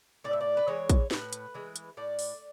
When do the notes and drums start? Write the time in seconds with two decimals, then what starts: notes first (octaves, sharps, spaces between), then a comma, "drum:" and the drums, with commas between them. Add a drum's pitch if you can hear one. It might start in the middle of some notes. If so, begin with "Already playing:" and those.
0.24 A2 D5
0.33 E5
0.41 D5
0.57 B4
0.67 E3 G#3 C#5
0.90 drum: kick, hi-hat
1.11 A2 B4, drum: snare
1.33 drum: hi-hat
1.54 E3 G#3
1.76 drum: hi-hat
1.97 A2 D5
2.19 drum: open hi-hat